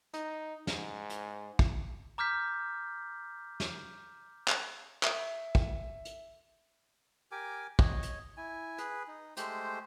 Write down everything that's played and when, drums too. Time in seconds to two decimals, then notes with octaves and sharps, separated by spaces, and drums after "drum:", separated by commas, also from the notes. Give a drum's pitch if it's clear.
0.14 D#4, drum: hi-hat
0.67 G#2, drum: snare
1.10 drum: hi-hat
1.59 drum: kick
2.18 A#5 D6 F6 G6 B6
3.60 drum: snare
4.48 drum: clap
5.03 E5, drum: clap
5.55 drum: kick
6.05 drum: hi-hat
7.32 G4 A#4 G#5 D6
7.79 C#5 D#5, drum: kick
8.03 drum: hi-hat
8.37 E4 G#5
8.78 G#4 B4, drum: hi-hat
9.07 D#4
9.37 G#3 A3 G4 C5, drum: hi-hat